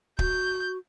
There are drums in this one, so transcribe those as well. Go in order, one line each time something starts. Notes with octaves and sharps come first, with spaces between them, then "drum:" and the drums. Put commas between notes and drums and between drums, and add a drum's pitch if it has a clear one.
F#4 G6, drum: kick